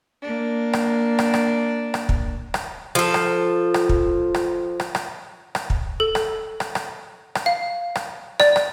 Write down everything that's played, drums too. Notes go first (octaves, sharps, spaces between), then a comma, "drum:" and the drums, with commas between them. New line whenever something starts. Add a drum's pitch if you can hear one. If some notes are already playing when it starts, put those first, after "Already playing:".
A#3 D4
drum: rim click
drum: rim click
drum: rim click
drum: rim click
drum: kick
drum: rim click
F3 A4
drum: rim click
drum: rim click
drum: kick
drum: rim click
drum: rim click
drum: rim click
drum: rim click
drum: kick
A4
drum: rim click
drum: rim click
drum: rim click
drum: rim click
F5
drum: rim click
D5, drum: rim click
drum: rim click